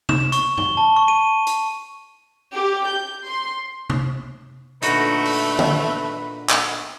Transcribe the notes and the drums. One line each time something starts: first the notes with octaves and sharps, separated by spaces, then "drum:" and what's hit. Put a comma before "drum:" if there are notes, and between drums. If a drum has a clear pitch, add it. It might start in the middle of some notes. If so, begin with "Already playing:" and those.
E7, drum: tom
C#6, drum: hi-hat
G7, drum: tom
A5
C#6
D#7
drum: hi-hat
G4
G6
C6
drum: tom
A#2 D3 A3 D#4 F#4 B4, drum: hi-hat
drum: open hi-hat
drum: tom D3
drum: clap